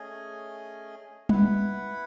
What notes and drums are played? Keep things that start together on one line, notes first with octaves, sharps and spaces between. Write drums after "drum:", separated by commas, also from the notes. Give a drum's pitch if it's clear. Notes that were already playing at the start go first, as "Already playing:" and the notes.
Already playing: A3 C#4 G#4 D#5 G#5
E4 B4 F#5, drum: tom G3